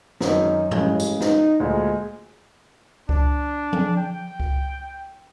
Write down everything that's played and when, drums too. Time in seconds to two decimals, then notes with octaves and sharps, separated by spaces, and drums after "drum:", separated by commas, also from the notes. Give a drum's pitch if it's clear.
0.21 G#1 F#2 D#3 D#4, drum: snare
0.71 A1 C#3 G#3, drum: tom
1.00 drum: tambourine
1.20 D#4, drum: snare
1.60 D2 A#2 G#3
3.09 D4, drum: kick C#2
3.73 drum: tom F3
3.97 G5
4.40 drum: kick C#2